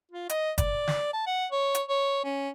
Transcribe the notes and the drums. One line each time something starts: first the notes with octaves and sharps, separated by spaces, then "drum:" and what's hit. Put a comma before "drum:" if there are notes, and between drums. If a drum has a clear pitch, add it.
F4
D#5, drum: hi-hat
D5, drum: kick, hi-hat
drum: snare
A5
F#5
C#5
drum: hi-hat
C#5
C#4